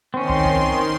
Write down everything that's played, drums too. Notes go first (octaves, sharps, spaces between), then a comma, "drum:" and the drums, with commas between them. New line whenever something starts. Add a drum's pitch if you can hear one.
D#3 C4 C#4 C6
drum: kick
drum: kick